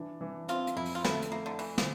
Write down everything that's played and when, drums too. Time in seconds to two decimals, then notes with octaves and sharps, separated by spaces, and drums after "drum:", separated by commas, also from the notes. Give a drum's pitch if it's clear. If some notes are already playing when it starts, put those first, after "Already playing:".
Already playing: E3 D4
0.21 E3
0.48 C4 F4, drum: hi-hat
0.67 drum: hi-hat
0.76 F2 E4
0.85 drum: open hi-hat
0.95 F4
1.05 A3 E4, drum: snare
1.22 drum: hi-hat
1.32 A#3 E4
1.46 D3
1.59 E3 E4, drum: open hi-hat
1.78 drum: snare